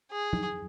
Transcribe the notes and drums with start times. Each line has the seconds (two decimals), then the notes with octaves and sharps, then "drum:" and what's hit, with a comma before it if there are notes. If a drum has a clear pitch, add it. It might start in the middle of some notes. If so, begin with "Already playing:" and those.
0.11 G#4
0.33 drum: tom